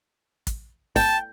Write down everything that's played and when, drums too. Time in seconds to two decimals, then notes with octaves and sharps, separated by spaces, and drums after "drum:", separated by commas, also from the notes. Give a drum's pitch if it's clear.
0.47 drum: kick, hi-hat
0.96 G5 A5, drum: kick, open hi-hat